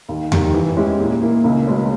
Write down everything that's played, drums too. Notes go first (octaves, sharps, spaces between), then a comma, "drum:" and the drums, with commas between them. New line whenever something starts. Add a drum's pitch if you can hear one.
D#2
D#3 G3, drum: tom E2
E3
G#3 C#4 E4 G4
A#2
A#3 E4
C#2
B2 G#3 C#4